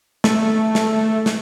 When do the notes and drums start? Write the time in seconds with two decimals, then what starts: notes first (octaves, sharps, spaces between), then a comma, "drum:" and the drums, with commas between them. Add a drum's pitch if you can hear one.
0.24 A3, drum: snare
0.75 drum: snare
1.26 drum: snare